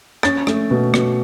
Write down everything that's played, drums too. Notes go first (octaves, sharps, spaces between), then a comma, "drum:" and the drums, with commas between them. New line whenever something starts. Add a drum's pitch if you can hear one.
C#4 A6, drum: rim click
A3, drum: rim click
B2
B2, drum: rim click